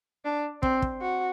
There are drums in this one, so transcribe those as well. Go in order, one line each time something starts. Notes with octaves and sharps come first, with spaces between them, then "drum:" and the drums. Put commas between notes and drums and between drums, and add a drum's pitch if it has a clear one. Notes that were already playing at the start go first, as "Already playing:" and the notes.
D4
C4, drum: kick
drum: kick
F#4